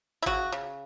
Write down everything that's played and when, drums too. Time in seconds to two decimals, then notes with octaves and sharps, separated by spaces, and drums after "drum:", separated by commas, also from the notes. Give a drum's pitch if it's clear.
0.22 E4
0.26 C#3 F#4, drum: kick G1
0.52 C#3